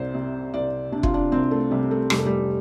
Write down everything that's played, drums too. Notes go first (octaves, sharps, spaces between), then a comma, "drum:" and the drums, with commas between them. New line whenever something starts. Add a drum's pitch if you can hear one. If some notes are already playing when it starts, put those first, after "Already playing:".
Already playing: C2 C3 C5 D5
C3
C2 D5
C3 D4
F4, drum: kick
D4
C2 C4
A3
C3 G3
A3
F1 G3, drum: rim click
A3
G3